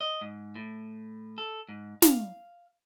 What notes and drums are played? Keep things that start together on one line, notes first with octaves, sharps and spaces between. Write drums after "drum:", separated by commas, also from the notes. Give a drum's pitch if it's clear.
D#5
G#2
A2
A4
G#2
F5, drum: snare